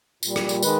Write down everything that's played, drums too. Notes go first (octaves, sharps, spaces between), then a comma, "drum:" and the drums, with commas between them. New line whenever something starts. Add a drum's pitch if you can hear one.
A#2 G3, drum: tambourine
drum: rim click
drum: tambourine
D#3 G#3 B4, drum: tambourine